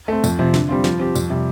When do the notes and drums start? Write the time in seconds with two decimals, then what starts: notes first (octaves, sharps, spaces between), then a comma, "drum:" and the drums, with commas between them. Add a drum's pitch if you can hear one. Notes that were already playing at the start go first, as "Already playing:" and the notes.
0.08 A3 C4
0.24 F2, drum: tambourine
0.39 C3 F3 C4
0.54 D3, drum: snare
0.69 G3 C4 F4
0.84 F3, drum: snare
0.99 C4 G4
1.15 F2, drum: tambourine
1.30 C3 G3